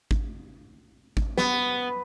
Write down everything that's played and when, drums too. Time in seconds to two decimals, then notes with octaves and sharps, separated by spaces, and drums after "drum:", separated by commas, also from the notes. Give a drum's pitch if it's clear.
0.11 drum: kick G#1
1.17 drum: kick G#1
1.38 B3, drum: snare